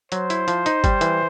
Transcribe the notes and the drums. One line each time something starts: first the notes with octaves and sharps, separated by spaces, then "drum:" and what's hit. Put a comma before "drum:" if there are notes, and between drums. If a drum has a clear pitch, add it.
F#3 C5, drum: hi-hat
E4, drum: hi-hat
F3, drum: hi-hat
D#4, drum: hi-hat
G3, drum: kick G1, hi-hat
E3, drum: hi-hat